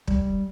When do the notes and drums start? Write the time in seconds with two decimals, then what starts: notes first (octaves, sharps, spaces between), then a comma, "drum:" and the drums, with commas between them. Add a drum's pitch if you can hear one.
0.07 G3, drum: kick